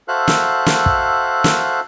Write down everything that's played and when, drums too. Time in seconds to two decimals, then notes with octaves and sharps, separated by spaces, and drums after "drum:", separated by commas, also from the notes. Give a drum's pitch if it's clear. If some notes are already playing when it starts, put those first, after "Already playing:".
0.08 F#4 A4 C5 E5 F5 F#6
0.28 drum: snare
0.66 drum: snare
0.86 drum: kick
1.44 drum: snare